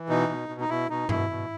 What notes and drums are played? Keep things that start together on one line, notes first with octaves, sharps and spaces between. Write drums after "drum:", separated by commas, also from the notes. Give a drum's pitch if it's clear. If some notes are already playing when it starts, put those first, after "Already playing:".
Already playing: E3
B2 D#4
B2
B2
D#4
B2 E4
B2 D#4
B2 E4, drum: tom G2
B2